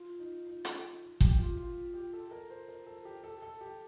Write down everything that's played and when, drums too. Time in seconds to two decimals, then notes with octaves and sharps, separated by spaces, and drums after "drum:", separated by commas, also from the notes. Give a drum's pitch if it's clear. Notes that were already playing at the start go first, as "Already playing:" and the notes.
Already playing: F4
0.19 D#4
0.47 D#4
0.65 drum: hi-hat
1.21 G4, drum: kick G1
1.39 F4
1.57 F4
1.94 G4
2.13 A4
2.31 A#4
2.50 C5
2.68 A#4
2.86 A4
3.05 G4
3.24 A4
3.42 A4
3.61 G4